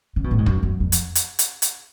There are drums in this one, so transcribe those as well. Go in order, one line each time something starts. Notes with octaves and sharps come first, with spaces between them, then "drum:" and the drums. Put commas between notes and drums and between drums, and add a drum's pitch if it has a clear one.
C#3
B2
A2
G#2
F#2, drum: kick
F#2
F2
drum: hi-hat
drum: hi-hat
drum: hi-hat
drum: hi-hat